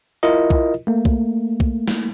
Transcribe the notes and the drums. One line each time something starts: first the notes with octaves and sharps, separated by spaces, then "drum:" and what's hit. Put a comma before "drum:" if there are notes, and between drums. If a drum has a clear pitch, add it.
E4 F4 A#4 D#5
drum: kick B1
A3 A#3
drum: kick B1
drum: kick B1
drum: snare